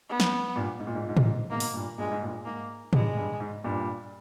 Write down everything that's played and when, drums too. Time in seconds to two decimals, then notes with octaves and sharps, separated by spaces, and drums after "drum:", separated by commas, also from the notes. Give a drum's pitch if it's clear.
0.09 B3
0.20 drum: snare
0.56 G2 A#2
0.80 G#2
0.87 A#2
0.95 G#2
1.02 A#2
1.09 G#2
1.17 A#2, drum: tom
1.24 G#2
1.50 G#2 B2 A#3
1.60 drum: open hi-hat
1.74 G2 A#2
1.98 G2 A#2 G#3
2.12 G#2
2.22 G2 A#2
2.45 G#2 A#3
2.93 G2 G#3, drum: tom
3.17 G2
3.40 G#2
3.64 G2 A#2